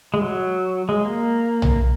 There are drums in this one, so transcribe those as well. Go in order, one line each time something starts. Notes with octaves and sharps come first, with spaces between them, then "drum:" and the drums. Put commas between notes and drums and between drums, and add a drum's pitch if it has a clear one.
G#3
F#3
G#3
A#3
drum: tom B1